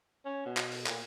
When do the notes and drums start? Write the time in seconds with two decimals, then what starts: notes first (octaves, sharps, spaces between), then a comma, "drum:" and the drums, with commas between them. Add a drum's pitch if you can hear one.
0.25 C#4
0.46 B2
0.57 drum: clap
0.72 drum: open hi-hat
0.86 A#2, drum: clap